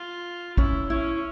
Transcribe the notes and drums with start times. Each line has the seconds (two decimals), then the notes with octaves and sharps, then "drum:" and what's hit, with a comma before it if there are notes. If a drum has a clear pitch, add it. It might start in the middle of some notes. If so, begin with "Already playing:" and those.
Already playing: F4
0.57 C#4 E4, drum: kick
0.90 C#4 E4